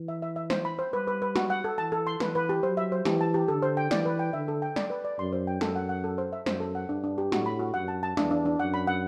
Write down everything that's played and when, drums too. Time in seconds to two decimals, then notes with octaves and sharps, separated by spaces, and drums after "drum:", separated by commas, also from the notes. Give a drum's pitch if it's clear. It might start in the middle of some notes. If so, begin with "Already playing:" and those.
Already playing: E3
0.08 E5
0.22 E5
0.36 E5
0.50 C5, drum: snare
0.65 B5
0.79 C5
0.93 G3 B4
1.07 B4
1.22 B4
1.36 F#4, drum: snare
1.50 F#5
1.64 A4
1.78 E3 A5
1.92 A4
2.07 C6
2.20 E3 B4, drum: snare
2.35 B4
2.49 G4
2.63 F#3 C5
2.77 E5
2.92 C5
3.05 E3 G4, drum: snare
3.21 A5
3.34 G4
3.48 D3 A4
3.62 C5
3.77 G5
3.91 E3 D5, drum: snare
4.06 B4
4.19 G5
4.33 D3 E5
4.48 A4
4.62 G5
4.76 D5, drum: snare
4.90 B4
5.05 D5
5.19 F#2 C6
5.33 C5
5.47 G5
5.61 F#2 A4, drum: snare
5.76 F#5
5.89 F#5
6.04 A4
6.18 C5
6.33 E5
6.46 F#2 C5, drum: snare
6.60 A4
6.75 F#5
6.89 G2 D4
7.04 D4
7.18 G4
7.32 A2 F#4, drum: snare
7.46 B5
7.60 F#4
7.74 F#2 F#5
7.88 A5
8.03 A5
8.17 E2 D4, drum: snare
8.31 D4
8.45 D4
8.60 F#2 F#5
8.74 B5
8.87 F#5